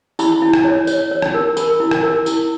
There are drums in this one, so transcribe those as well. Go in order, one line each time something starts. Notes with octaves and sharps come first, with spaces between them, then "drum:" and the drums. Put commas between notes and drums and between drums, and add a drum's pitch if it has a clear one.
E4 B5, drum: tambourine
E4
drum: rim click
C#5
C#5, drum: tambourine
C#5
drum: rim click
A#4
A#4 B5, drum: tambourine
E4
drum: rim click
A#4
E4, drum: tambourine